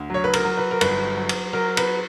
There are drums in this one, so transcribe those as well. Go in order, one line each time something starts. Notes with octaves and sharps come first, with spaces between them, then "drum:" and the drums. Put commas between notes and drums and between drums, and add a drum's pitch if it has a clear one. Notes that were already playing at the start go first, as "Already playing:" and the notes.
Already playing: D2
F#3 C#5
B4
A#4, drum: cymbal
F#3
B4
A#4
G1 B4, drum: cymbal
F#3
drum: cymbal
F#3 A#4
B4, drum: cymbal